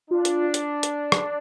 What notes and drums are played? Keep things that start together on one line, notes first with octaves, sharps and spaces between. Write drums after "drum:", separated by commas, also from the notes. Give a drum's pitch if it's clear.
D4 F4
drum: hi-hat
drum: hi-hat
drum: hi-hat
drum: rim click